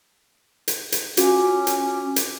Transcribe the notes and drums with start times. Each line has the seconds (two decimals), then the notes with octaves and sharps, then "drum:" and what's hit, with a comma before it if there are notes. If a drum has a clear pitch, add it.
0.68 drum: hi-hat
0.92 drum: hi-hat
1.17 C#4 F4 F#4 D6, drum: hi-hat
1.67 drum: hi-hat
2.16 drum: hi-hat